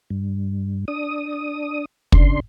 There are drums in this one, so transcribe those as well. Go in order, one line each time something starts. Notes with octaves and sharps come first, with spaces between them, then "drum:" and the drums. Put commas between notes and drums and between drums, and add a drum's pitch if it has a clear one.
G2
D4 D#6
C#3 D4 C6, drum: kick